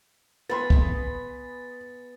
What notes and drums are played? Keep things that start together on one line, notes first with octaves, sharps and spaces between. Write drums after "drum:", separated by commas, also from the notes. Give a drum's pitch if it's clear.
B3 G#4 B4 B5 C6 A6
drum: kick